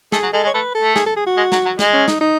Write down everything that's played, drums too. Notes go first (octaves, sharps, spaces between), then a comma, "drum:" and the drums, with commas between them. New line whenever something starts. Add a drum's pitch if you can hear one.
A3 G#4, drum: snare
F#3
G#3 A4
G#3
C#5
A3 B4
A4
A3
G#4, drum: snare
A4
G#4
F#4
G#3
F#3, drum: snare
F#3
G#3, drum: snare
C#4
D#4, drum: snare
D#4